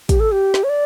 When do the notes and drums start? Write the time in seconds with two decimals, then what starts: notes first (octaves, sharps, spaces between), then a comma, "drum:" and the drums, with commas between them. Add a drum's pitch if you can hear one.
0.09 G4, drum: kick, hi-hat
0.20 A4
0.32 G4
0.54 drum: snare
0.64 C#5
0.69 D5